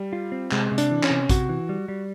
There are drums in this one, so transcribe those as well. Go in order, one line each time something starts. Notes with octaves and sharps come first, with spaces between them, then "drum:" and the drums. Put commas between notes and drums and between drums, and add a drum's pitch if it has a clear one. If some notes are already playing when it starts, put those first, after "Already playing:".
Already playing: G3
F4
C4
C3 G#3, drum: clap
C3
D4, drum: hi-hat
E3
C#4, drum: clap
C3
C3 F#4, drum: kick, hi-hat
E3
G3
G3